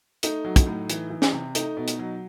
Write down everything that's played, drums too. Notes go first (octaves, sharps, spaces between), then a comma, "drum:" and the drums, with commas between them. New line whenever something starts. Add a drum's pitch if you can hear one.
A3 D#4, drum: hi-hat
F#3
drum: kick, hi-hat
A2
E3, drum: hi-hat
E3
drum: snare
C3
A3 D#4, drum: hi-hat
B2
drum: hi-hat
F#3